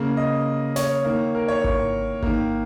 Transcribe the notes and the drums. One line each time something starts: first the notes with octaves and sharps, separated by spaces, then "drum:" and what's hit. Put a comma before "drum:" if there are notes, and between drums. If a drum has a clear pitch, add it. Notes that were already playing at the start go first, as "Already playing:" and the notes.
Already playing: C#3 A#3
D#5
C#5, drum: snare
D#3 A#3
A#4
C#5
C#6, drum: kick G#1
D#3 A#3, drum: kick G#1